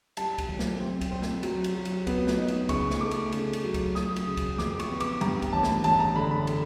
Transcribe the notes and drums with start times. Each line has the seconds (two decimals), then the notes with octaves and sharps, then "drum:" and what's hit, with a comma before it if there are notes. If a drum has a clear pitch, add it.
0.17 G3 A5, drum: cymbal
0.38 drum: kick C2, cymbal
0.49 B1
0.59 drum: snare
0.80 C4
1.01 drum: kick C2, cymbal
1.11 C4
1.22 drum: snare
1.43 F#3, drum: cymbal
1.64 drum: cymbal
1.75 F#3
1.85 drum: cymbal
2.07 B3, drum: kick C2, cymbal
2.27 drum: snare
2.37 D#4
2.48 drum: cymbal
2.69 C#3 C#6, drum: kick C2, cymbal
2.90 drum: snare
3.01 A3 D6
3.11 drum: cymbal
3.32 C#3, drum: cymbal
3.53 drum: cymbal
3.64 F#3
3.74 drum: kick C2, cymbal
3.95 F#3 D#6, drum: snare
4.16 drum: cymbal
4.27 C#3
4.37 drum: kick C2, cymbal
4.58 F2 D6, drum: snare
4.79 C#6, drum: cymbal
4.90 B3
5.00 D6, drum: cymbal
5.21 G2 A#5, drum: cymbal
5.42 drum: kick C2, cymbal
5.53 A1 A5
5.63 drum: snare
5.84 A1 A5, drum: cymbal
5.99 A#5
6.16 D3 B5
6.31 B5
6.47 drum: cymbal